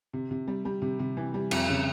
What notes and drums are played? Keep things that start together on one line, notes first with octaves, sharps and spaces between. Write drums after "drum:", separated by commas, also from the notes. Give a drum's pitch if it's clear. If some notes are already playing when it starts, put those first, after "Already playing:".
C3
C3
G3
G3
C3
C3
E3
G3
F2, drum: cymbal
C#3